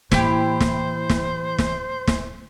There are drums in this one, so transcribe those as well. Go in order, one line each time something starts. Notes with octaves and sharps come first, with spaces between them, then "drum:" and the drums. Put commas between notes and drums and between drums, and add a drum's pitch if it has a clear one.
A2 E3 A#3 E4 G4 C5, drum: snare
drum: snare
drum: snare
drum: snare
drum: snare